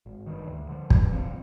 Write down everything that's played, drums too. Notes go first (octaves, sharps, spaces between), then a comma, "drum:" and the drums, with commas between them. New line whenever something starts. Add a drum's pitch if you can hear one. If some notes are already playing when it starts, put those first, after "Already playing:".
G#1
G2 D#3
D2
D3 F3
G2, drum: kick
D3 F3 C4